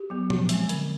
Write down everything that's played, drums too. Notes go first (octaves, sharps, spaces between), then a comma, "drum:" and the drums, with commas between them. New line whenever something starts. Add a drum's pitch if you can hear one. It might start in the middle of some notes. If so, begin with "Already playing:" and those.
Already playing: G4
F#3 B3
F3, drum: tom A#2
G#3 C4, drum: hi-hat
D3, drum: hi-hat